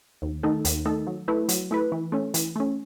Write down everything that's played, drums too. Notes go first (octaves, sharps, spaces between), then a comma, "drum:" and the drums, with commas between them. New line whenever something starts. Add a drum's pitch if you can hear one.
D#2
D#3 A3 D#4 A4
D#2, drum: hi-hat
D#3 A3 D#4 A4
F#3
A3 E4 B4
F#3, drum: hi-hat
A3 E4 B4
E3
A3 C#4
E3, drum: hi-hat
A3 C#4